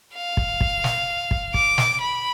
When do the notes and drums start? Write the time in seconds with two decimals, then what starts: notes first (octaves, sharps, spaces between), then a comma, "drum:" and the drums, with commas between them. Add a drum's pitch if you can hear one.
0.14 F5
0.37 drum: kick
0.61 drum: kick
0.84 drum: snare
1.31 drum: kick
1.54 D6, drum: kick
1.78 drum: snare
2.01 B5